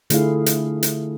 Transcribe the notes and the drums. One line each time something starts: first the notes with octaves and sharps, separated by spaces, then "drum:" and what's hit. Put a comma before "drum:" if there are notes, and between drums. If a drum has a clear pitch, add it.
D3 A3 E4 F4 G#4 F5, drum: hi-hat
drum: hi-hat
drum: hi-hat